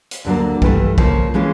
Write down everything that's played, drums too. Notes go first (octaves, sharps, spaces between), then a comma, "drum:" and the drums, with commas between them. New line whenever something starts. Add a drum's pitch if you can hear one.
drum: hi-hat
D2 D3 F#3 A#3
G2 E3 A3, drum: kick
C#3 F3 A#3, drum: kick
E3 G#3 C#4 F4